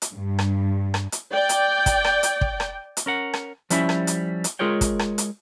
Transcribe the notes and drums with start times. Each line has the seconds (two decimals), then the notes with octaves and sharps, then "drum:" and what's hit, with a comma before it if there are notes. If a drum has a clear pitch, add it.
0.02 drum: hi-hat
0.13 G2
0.39 drum: rim click
0.94 drum: rim click
1.12 drum: hi-hat
1.31 D5 G5
1.49 drum: hi-hat
1.86 drum: kick, hi-hat
2.04 drum: rim click
2.23 drum: hi-hat
2.41 drum: kick
2.60 drum: rim click
2.97 drum: hi-hat
3.06 C#4 A#4 F#5
3.33 drum: rim click
3.70 F3 G3 C#4 E4 E5, drum: hi-hat
3.89 drum: rim click
4.07 drum: hi-hat
4.44 drum: hi-hat
4.59 G#3 F4 G#4 A#4 C#5 G5
4.81 drum: kick, hi-hat
4.99 drum: rim click
5.18 drum: hi-hat